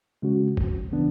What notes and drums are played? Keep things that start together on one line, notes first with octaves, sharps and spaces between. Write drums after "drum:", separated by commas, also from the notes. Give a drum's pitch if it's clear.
C#3 G#3 C#4 F#4
drum: kick
C#3 E3 B3 D4